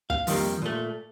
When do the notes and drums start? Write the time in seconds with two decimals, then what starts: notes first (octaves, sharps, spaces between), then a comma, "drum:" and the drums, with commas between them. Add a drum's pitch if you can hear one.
0.10 F5, drum: kick
0.27 F2 D#3 G3 A#3, drum: open hi-hat
0.62 A#2 A3